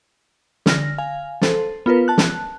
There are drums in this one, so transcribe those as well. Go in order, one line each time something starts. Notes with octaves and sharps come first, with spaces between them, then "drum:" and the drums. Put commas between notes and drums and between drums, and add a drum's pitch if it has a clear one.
D3 F6 A#6, drum: snare
F5 G#5
A4 C5, drum: snare
B3 F4 A#4 B4
A5 F#6
drum: snare